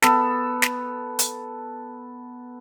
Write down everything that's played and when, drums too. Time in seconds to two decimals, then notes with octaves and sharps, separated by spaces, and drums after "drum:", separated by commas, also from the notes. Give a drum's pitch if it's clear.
0.02 B3 A4, drum: snare
0.62 drum: snare
1.19 drum: hi-hat